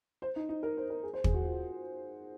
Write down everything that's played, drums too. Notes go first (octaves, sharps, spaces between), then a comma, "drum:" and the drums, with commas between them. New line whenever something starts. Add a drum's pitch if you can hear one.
C5
D#4
D#4
A#4
C5
A#4
G#4
C5
G#4, drum: kick
F#4
F4